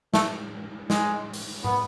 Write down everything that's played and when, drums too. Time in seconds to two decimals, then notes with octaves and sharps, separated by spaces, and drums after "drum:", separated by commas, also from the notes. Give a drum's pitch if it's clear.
0.14 A3, drum: snare
0.90 G#3, drum: snare
1.34 drum: open hi-hat
1.64 B3, drum: tom